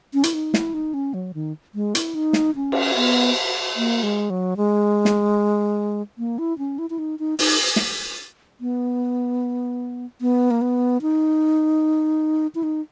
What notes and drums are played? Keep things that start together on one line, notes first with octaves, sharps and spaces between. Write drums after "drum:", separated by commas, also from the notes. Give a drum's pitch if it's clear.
C#4
E4, drum: hi-hat
D#4
E4, drum: snare
D#4
C#4
F#3
D#3
G#3
E4, drum: hi-hat
D#4
drum: snare
C#4
drum: cymbal
B3
A#3
G#3
F#3
G#3
drum: snare
A#3
E4
C#4
E4
E4
D#4
D#4
D#4, drum: open hi-hat
drum: snare
B3
B3
A#3
B3
D#4
E4
D#4